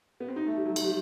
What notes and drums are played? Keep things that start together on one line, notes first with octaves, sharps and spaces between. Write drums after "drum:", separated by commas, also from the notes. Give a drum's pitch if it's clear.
B3
C4
D#4
A3
G3
F#3
F#3, drum: cymbal
G3